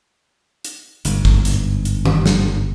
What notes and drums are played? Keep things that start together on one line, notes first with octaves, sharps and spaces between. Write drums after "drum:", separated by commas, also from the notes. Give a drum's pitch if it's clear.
drum: hi-hat
G1 G#2, drum: hi-hat
drum: kick
drum: hi-hat
drum: hi-hat
drum: tom D#3
drum: snare